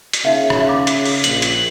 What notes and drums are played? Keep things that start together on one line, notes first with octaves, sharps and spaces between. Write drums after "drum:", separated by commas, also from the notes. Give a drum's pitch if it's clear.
drum: hi-hat
C#3 D#4 E5 F5
drum: rim click
F5 D6
drum: hi-hat
drum: open hi-hat
A#1 F#7, drum: hi-hat
drum: hi-hat